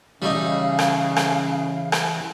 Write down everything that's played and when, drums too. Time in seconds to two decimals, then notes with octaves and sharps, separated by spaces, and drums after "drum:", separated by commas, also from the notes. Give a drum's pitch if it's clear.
0.22 C#3 E3 G3 A3 D#4 F5
0.79 drum: rim click
1.16 drum: rim click
1.92 drum: rim click